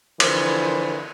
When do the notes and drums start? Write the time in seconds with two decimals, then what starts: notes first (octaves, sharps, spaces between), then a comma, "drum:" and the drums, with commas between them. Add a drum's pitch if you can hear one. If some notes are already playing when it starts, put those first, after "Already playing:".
0.20 D3 E3 F3 A#4 C5, drum: cymbal